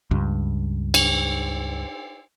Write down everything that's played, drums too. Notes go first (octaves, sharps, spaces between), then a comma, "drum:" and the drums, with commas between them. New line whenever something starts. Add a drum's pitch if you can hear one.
C#2 G2
drum: cymbal